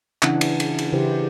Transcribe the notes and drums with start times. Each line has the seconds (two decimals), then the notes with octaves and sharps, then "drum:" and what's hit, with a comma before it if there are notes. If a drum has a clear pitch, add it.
0.22 C#3 E3 C#4 D4 E4 F#5, drum: clap
0.41 drum: cymbal
0.60 drum: cymbal
0.79 drum: cymbal
0.92 C#3 E3 E4 G4 B4 C5